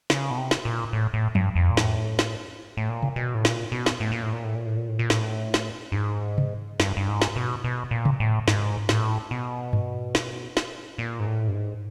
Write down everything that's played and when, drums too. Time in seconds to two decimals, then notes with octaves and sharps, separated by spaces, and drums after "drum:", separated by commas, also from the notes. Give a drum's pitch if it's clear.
0.10 C#3, drum: snare
0.31 B2
0.38 C3
0.51 drum: snare
0.65 A#2
0.93 A2
1.14 A2
1.35 G2, drum: tom F3
1.56 F2
1.70 A#2
1.77 A2, drum: snare
2.19 drum: snare
2.77 A2
2.89 A#2
3.03 drum: tom C3
3.16 B2
3.34 A2
3.45 A#2, drum: snare
3.72 B2
3.86 drum: snare
4.00 A2
4.12 A#2
4.23 A2
4.33 A#2
4.44 A2
4.56 A#2
4.66 A2
4.77 A#2
4.88 A2
4.99 A#2
5.10 A2, drum: snare
5.54 drum: snare
5.92 G2
5.95 G#2
6.38 drum: tom C3
6.80 G2, drum: snare
6.97 G2
7.08 G#2
7.22 drum: snare
7.36 B2
7.64 B2
7.91 A#2
8.05 drum: tom C3
8.20 A2
8.48 G#2, drum: snare
8.89 A2, drum: snare
9.31 B2
9.73 drum: tom G2
10.15 drum: snare
10.57 drum: snare
10.98 A#2
11.20 G#2
11.27 A2
11.48 G2
11.54 G#2